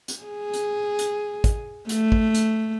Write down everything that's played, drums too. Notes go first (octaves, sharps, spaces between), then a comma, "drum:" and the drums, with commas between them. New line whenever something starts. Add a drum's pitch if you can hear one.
drum: hi-hat
G#4
drum: hi-hat
drum: hi-hat
drum: kick, hi-hat
A3, drum: hi-hat
drum: kick
drum: hi-hat